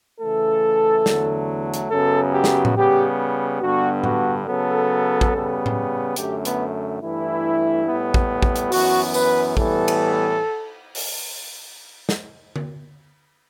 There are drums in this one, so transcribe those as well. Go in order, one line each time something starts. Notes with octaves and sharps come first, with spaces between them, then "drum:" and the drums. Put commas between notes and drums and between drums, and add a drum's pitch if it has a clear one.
C#3 E3 A3 A4
E2 D3 F#3 A3, drum: snare
drum: hi-hat
F#2 C#3 F#3 B3 A4
G4
drum: snare
drum: tom A2
C#3 G3 B3 G4
G2 D3 G3 B3 F#4
F#4, drum: tom A2
C#3 F#3 B3 A4
drum: kick
C#3 G3 B3
drum: tom A2
F#2 D3 A3 G4, drum: hi-hat
B3, drum: hi-hat
G2 E3 A3 E4
A2 G3 B3
drum: kick
drum: kick
drum: hi-hat
F#2 E3 B3 F#4, drum: open hi-hat
B4, drum: tambourine
A2 E3 G3 B3 A4, drum: kick
drum: cymbal
drum: open hi-hat
drum: snare
drum: tom D3